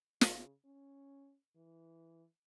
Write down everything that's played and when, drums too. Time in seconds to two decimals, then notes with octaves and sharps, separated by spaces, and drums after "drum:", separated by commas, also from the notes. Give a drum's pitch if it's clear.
0.21 C#3, drum: snare
0.65 C#4
1.56 E3